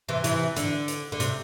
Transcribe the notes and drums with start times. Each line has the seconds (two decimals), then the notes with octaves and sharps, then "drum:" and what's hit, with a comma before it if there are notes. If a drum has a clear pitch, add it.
0.09 C3 E3
0.24 C3 E3, drum: hi-hat
0.56 D3, drum: hi-hat
0.88 drum: hi-hat
1.12 D3
1.20 C3, drum: hi-hat